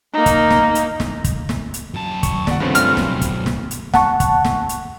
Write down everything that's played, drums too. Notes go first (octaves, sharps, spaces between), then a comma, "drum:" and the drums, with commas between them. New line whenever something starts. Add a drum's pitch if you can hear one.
A#3 D#4
drum: kick, hi-hat
drum: snare
drum: hi-hat
drum: snare
drum: kick, hi-hat
drum: snare
drum: hi-hat
F#2 A5
C#6, drum: kick, hi-hat
D#2 D5 F#5, drum: snare
G2 C#3 F3 A3 C4
F6, drum: hi-hat
F#2 B2, drum: snare
drum: kick, hi-hat
drum: snare
drum: hi-hat
F#5 A5 C#6, drum: snare
drum: kick, hi-hat
drum: snare
drum: hi-hat